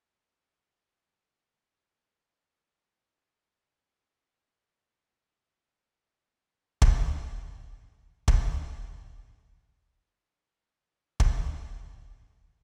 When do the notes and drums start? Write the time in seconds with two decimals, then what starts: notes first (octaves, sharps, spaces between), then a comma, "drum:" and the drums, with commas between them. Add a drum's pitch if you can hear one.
0.11 A3
2.52 D2
3.94 B4
4.28 F4
4.63 C5
4.96 A#5
5.25 D#5
5.58 A#5
6.00 D5
6.82 drum: kick
7.41 G#4 B4 C5 D5
8.28 drum: kick
10.23 A#4
11.20 drum: kick
11.53 D#4 G#4 A4 C#5
11.73 G3 B4 B5
12.00 C5 D5 E5 F#5